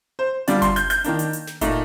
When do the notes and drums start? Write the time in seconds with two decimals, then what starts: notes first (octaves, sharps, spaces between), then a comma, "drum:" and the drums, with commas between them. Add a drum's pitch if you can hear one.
0.19 C5
0.48 D3 G3 D4 F4 D5, drum: hi-hat
0.62 C6, drum: kick F#1, hi-hat
0.76 G6, drum: hi-hat
0.90 G6, drum: hi-hat
1.04 D#3 A#3 D4, drum: hi-hat
1.19 drum: hi-hat
1.33 drum: hi-hat
1.47 drum: snare
1.61 A#2 A3 D#4, drum: kick F#1, hi-hat